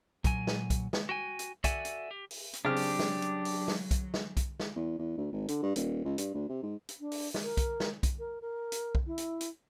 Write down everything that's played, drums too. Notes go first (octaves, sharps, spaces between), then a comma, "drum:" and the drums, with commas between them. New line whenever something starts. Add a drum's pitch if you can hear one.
A#2 F#3 G#5, drum: kick B1, hi-hat
drum: snare
drum: kick B1, hi-hat
drum: snare
F#4 G5 G#5
drum: hi-hat
F#4 A4 D5 E5 F#5 G#5, drum: kick B1, hi-hat
drum: hi-hat
G4
drum: open hi-hat
drum: hi-hat
C#3 F#3 C4 D4 G4 F6
drum: open hi-hat
drum: snare
drum: hi-hat
drum: open hi-hat
drum: snare
drum: kick B1, hi-hat
drum: snare
drum: kick B1, hi-hat
drum: snare
E2
E2
D2
G#1
D3, drum: hi-hat
G2
D#1, drum: hi-hat
C#2
G2, drum: hi-hat
D2
C3
G#2
drum: hi-hat
D4
drum: open hi-hat
drum: snare
A#4
drum: kick B1, hi-hat
drum: snare
drum: kick B1, hi-hat
A#4
A#4
drum: hi-hat
drum: kick B1
E4
drum: hi-hat
drum: hi-hat